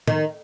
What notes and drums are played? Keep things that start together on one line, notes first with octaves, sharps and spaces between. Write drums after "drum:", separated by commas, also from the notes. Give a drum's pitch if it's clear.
D#3, drum: tom A2